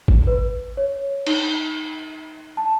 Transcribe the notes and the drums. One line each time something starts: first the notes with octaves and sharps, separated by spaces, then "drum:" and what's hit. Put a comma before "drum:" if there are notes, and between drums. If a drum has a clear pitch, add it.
drum: kick G#1
B4
C#5
D#4, drum: cymbal
A5